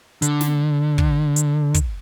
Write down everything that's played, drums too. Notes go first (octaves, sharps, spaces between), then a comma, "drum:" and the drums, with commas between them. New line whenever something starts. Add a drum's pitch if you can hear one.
D3, drum: hi-hat
drum: snare
drum: kick
drum: hi-hat
drum: kick, hi-hat